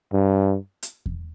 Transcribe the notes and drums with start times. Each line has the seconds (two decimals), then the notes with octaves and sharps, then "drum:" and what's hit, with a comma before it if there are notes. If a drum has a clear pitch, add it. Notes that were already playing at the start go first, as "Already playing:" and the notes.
0.13 G2
0.83 drum: hi-hat
1.06 drum: kick E2